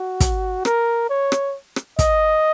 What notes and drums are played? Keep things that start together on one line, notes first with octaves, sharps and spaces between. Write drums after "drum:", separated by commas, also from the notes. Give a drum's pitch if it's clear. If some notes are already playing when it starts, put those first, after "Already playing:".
Already playing: F#4
drum: kick, hi-hat
A#4, drum: rim click
C#5
drum: rim click
drum: rim click
D#5, drum: kick, hi-hat